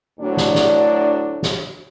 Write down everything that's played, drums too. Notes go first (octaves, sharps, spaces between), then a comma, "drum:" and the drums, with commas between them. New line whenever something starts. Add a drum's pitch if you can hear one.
D2 A2 F#3 D4
drum: snare
drum: snare
drum: snare